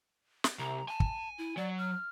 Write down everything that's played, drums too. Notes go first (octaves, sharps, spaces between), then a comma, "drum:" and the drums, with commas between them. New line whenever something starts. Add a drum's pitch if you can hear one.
drum: snare
C2 A#5
G#5 A5
drum: kick
E4
F#3 D5
F6